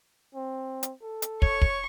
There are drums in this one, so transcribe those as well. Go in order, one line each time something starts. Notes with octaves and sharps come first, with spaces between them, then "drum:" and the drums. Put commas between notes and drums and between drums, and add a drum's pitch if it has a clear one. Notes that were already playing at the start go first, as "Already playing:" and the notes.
C4
drum: hi-hat
A4
drum: hi-hat
C#5 C#6, drum: kick
drum: kick